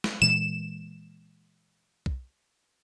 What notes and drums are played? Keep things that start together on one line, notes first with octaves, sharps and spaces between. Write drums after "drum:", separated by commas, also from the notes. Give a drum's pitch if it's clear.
drum: snare
A#2 E3 G#3 E7
drum: kick B1